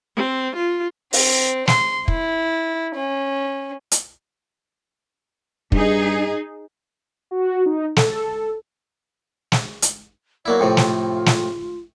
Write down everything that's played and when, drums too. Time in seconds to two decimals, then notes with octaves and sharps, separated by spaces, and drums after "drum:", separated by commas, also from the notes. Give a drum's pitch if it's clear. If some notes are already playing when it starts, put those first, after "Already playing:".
0.17 C4
0.56 F4
1.13 C4, drum: open hi-hat
1.68 C6, drum: snare
2.08 E4, drum: kick
2.96 C#4
3.91 drum: hi-hat
5.72 G2 D#4 G#4, drum: kick
7.31 F#4
7.66 D#4
7.96 A4, drum: snare
9.52 drum: snare
9.82 drum: hi-hat
10.46 F#3 A#3 E4 D5
10.60 F2 A2 C3 F4
10.77 drum: snare
11.26 drum: snare